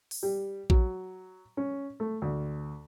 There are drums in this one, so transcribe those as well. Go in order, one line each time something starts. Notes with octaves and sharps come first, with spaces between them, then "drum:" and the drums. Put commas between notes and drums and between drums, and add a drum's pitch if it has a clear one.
drum: open hi-hat
G3
F#3, drum: kick A#1
C#4
A3
D2